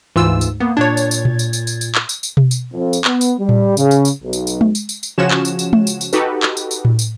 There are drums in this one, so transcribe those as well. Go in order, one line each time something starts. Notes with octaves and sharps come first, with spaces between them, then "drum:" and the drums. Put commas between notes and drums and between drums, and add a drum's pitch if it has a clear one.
D2 G#2 E3 F4 E6
drum: tambourine
A#3 B3
A#2 D4 C#5 G#6 A6
drum: tambourine
drum: tambourine
drum: tom A#2
drum: tambourine
drum: tambourine
drum: tambourine
drum: tambourine
drum: clap
drum: tambourine
drum: tambourine
drum: tom B2
drum: tambourine
F2
drum: tambourine
B3, drum: clap
drum: tambourine
G3
drum: tom A2
C#3, drum: tambourine
drum: tambourine
drum: tambourine
B1
drum: tambourine
drum: tambourine
drum: tom G#3
drum: tambourine
drum: tambourine
drum: tambourine
C#3 F3 C#4 F#4 C#5 E7
drum: clap
drum: tambourine
drum: tambourine
drum: tom G#3
drum: tambourine
drum: tambourine
D#4 F#4 G4 A4 B4, drum: tambourine
drum: clap
drum: tambourine
drum: tambourine
drum: tom A2
drum: tambourine